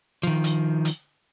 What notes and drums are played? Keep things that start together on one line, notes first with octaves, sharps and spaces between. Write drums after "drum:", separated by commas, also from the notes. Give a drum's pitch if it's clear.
D#3 F3
drum: hi-hat
drum: hi-hat